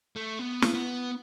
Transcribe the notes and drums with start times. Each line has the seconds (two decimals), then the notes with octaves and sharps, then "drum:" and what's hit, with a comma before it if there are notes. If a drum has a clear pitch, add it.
0.16 A3
0.39 B3
0.62 drum: snare
0.74 B3